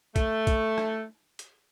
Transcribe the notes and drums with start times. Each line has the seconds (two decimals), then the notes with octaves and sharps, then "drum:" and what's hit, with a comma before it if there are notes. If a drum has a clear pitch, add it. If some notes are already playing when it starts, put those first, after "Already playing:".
0.16 A3, drum: kick, hi-hat
0.47 drum: kick, hi-hat
0.78 drum: rim click
1.39 drum: hi-hat